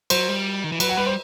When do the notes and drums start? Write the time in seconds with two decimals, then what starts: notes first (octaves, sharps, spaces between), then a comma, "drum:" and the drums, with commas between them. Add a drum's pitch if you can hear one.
0.10 F#3 C5, drum: cymbal
0.29 G3
0.64 D#3
0.72 E3
0.80 F#3 B4, drum: cymbal
0.89 F#5
0.97 G3 B4
1.07 C5